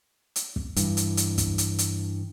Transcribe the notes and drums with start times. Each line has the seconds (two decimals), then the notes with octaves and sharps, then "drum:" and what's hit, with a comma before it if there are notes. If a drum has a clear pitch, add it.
0.36 drum: hi-hat
0.56 drum: kick
0.76 G2 E3, drum: hi-hat
0.97 drum: hi-hat
1.17 drum: hi-hat
1.38 drum: kick, hi-hat
1.58 drum: hi-hat
1.79 drum: hi-hat